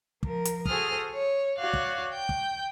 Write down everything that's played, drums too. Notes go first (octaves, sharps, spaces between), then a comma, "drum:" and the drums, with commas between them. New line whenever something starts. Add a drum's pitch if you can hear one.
F3 A#4, drum: kick
drum: hi-hat
F#4 G#4 A4 C5 D#6 F6, drum: kick
C#5
F#4 C#5 D5 F5 F#6
drum: kick
G5 G6
drum: kick